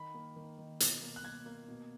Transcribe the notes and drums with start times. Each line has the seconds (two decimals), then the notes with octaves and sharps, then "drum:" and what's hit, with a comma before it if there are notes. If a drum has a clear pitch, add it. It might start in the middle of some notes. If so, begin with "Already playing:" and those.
Already playing: D#3 B5
0.14 A#3
0.36 D#3
0.58 D#3
0.80 B2, drum: hi-hat
1.02 A#3
1.16 F#6
1.23 A#3 G#6
1.46 A#3
1.68 B2